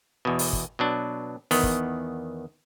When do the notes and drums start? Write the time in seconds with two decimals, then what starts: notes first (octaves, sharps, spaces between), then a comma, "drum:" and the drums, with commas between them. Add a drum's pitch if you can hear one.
0.25 E2 B2
0.39 drum: open hi-hat
0.53 drum: kick
0.79 B2 F#3 D4
1.51 E2 D#3 B3, drum: open hi-hat
1.63 drum: kick